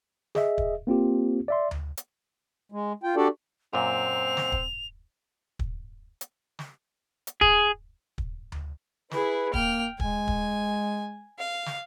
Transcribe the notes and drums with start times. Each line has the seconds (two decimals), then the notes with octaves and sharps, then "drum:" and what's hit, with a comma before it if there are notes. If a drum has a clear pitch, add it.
0.35 G#4 D#5 E5, drum: snare
0.58 drum: kick
0.87 A#3 C4 F4 G4
1.48 D5 E5 C6
1.71 drum: tom D2
1.97 drum: hi-hat
2.72 G#3
3.03 F4 G5
3.16 D4 F#4 G4 A4 D5
3.73 F#2 A#2 C4 F7
4.37 drum: snare
4.52 drum: kick
5.59 drum: kick
6.21 drum: hi-hat
6.59 drum: snare
7.27 drum: hi-hat
7.41 G#4, drum: kick
8.18 drum: kick
8.52 drum: tom D2
9.11 E4 G#4 B4, drum: snare
9.54 A#3 G5 F6, drum: kick
10.00 G#3 G#5, drum: kick
10.28 drum: kick
11.39 F5
11.66 drum: snare